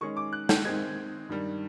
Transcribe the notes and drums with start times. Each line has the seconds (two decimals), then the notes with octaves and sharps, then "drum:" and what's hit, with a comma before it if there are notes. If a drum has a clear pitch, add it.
0.01 D#3 G#3 C#4 C#6
0.17 D6
0.33 F#6
0.49 G6, drum: snare
0.65 D#3 G#3 C4 D#4 G#6
1.29 G2 D#3 G3